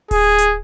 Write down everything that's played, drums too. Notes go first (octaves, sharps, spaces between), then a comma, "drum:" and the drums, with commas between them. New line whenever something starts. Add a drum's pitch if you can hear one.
G#4, drum: kick D1, open hi-hat
drum: hi-hat